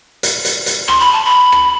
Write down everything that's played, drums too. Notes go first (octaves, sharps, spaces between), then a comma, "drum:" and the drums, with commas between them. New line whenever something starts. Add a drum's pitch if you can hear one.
drum: hi-hat
drum: hi-hat
drum: hi-hat
C6, drum: rim click
B5
A5
B5
drum: rim click